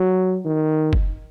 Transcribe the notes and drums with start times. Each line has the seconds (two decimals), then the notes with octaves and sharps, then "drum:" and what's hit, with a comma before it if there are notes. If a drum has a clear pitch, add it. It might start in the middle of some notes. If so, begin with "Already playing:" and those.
Already playing: F#3
0.45 D#3
0.93 drum: kick